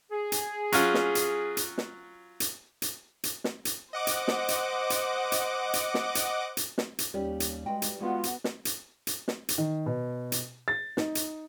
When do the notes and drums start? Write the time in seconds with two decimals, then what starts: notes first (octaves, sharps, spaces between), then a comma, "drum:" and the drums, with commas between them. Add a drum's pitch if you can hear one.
0.11 G#4
0.32 drum: hi-hat
0.72 F#3 C#4 F4, drum: hi-hat
0.94 drum: snare
1.15 drum: hi-hat
1.57 drum: hi-hat
1.78 drum: snare
2.40 drum: hi-hat
2.82 drum: hi-hat
3.23 drum: hi-hat
3.44 drum: snare
3.65 drum: hi-hat
3.93 C5 D#5 F#5 D6
4.07 drum: hi-hat
4.28 drum: snare
4.49 drum: hi-hat
4.90 drum: hi-hat
5.32 drum: hi-hat
5.74 drum: hi-hat
5.94 drum: snare
6.15 drum: hi-hat
6.57 drum: hi-hat
6.78 drum: snare
6.99 drum: hi-hat
7.14 D#2 G3 C#4 D#4 G4
7.40 drum: hi-hat
7.66 G#3 F#4 B4 G5
7.82 drum: hi-hat
8.00 G#3 B3 F4 F#4
8.24 drum: hi-hat
8.44 drum: snare
8.65 drum: hi-hat
9.07 drum: hi-hat
9.28 drum: snare
9.49 drum: hi-hat
9.58 D#3
9.86 B2
10.32 drum: hi-hat
10.68 A6
10.97 D#4, drum: snare
11.15 drum: hi-hat